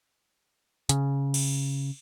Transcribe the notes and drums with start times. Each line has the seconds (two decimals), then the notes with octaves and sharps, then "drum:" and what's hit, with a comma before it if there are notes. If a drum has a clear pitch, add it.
0.89 C#3, drum: hi-hat
1.34 drum: cymbal